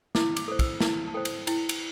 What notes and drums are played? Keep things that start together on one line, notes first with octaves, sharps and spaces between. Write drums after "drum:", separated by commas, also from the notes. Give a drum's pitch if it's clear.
E4 D6, drum: snare
D6, drum: cymbal
A4 C5
E6, drum: kick, cymbal
E4 A5, drum: snare
A5
A4 C5 G5
drum: cymbal
E4 G5, drum: cymbal
drum: cymbal